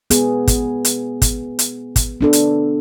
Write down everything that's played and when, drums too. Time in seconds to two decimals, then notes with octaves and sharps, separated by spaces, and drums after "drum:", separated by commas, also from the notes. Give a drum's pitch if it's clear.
0.10 B3 G#4, drum: hi-hat
0.48 drum: kick, hi-hat
0.85 drum: hi-hat
1.22 drum: kick, hi-hat
1.59 drum: hi-hat
1.96 drum: kick, hi-hat
2.21 B3 D4 A4
2.33 drum: hi-hat